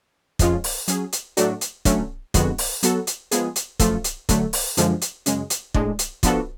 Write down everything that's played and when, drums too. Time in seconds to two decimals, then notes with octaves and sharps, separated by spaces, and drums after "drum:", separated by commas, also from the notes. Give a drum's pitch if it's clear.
0.39 F2 F3 G#3 C#4 F4, drum: kick, hi-hat
0.64 drum: open hi-hat
0.88 F#3 C#4 G#4, drum: hi-hat
1.12 drum: hi-hat
1.37 A2 F#3 A3 D4 F#4, drum: hi-hat
1.61 drum: hi-hat
1.85 D3 F#3 A3 C#4, drum: kick, hi-hat
2.34 F2 D3 G#3 B3 F#4, drum: kick, hi-hat
2.58 drum: open hi-hat
2.83 F#3 B3 F#4 A4, drum: hi-hat
3.07 drum: hi-hat
3.31 F3 G#3 B3 F4 G#4, drum: hi-hat
3.56 drum: hi-hat
3.79 F#2 F3 A3 F4 A4, drum: kick, hi-hat
4.04 drum: hi-hat
4.29 D3 F#3 A3, drum: kick, hi-hat
4.53 drum: open hi-hat
4.77 F#2 D3 F3 G#3, drum: hi-hat
5.01 drum: hi-hat
5.26 F#2 C#3 G#3, drum: hi-hat
5.50 drum: hi-hat
5.74 A2 G#3 D4, drum: kick
5.99 drum: hi-hat
6.23 F3 B3 D4 F#4 A4, drum: kick, hi-hat